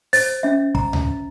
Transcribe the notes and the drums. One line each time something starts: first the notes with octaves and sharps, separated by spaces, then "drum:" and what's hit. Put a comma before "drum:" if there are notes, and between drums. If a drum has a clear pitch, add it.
C5 A6, drum: open hi-hat
C#4 E5
A#5, drum: kick
drum: tom C#2